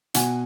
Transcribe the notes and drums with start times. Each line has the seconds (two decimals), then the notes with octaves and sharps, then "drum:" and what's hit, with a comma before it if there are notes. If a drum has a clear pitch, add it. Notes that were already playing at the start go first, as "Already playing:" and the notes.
0.14 B2 F#5 G#5, drum: hi-hat